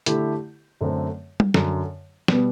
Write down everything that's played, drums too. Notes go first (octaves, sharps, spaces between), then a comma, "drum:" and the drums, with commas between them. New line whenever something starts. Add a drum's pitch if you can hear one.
D3 A3 E4 G4, drum: hi-hat
F#2 D3 A3 C4
drum: tom G3
F#2 D3 F#3, drum: snare
B2 G3 B3, drum: snare